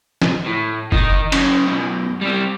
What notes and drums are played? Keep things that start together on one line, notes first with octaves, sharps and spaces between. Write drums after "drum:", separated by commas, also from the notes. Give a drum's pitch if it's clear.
drum: snare
A2
D#3 D#4, drum: kick F1
C#3 F#3, drum: cymbal
F#2 B2
G3 C4